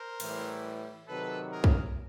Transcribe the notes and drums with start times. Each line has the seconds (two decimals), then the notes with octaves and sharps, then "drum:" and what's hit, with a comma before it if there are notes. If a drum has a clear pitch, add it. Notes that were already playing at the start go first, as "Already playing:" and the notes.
Already playing: A#4 C5
0.20 A2 E3 G3, drum: cymbal
1.07 C3 D#3 F#3 A4 B4
1.51 G#4 A#4
1.64 drum: kick